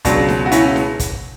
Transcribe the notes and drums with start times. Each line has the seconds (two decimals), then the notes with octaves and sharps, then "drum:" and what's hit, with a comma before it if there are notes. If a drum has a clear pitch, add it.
0.05 C#2 B2 F#3 D4, drum: kick, hi-hat
0.28 drum: snare D#4
0.46 F#4
0.52 C#4 E4, drum: hi-hat
0.76 drum: snare D#4
0.99 drum: kick, hi-hat